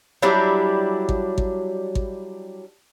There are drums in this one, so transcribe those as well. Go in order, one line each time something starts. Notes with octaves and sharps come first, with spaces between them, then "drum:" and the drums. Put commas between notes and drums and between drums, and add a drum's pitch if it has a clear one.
F#3 G3 D4 E4
drum: kick G#1
drum: kick G#1
drum: kick G#1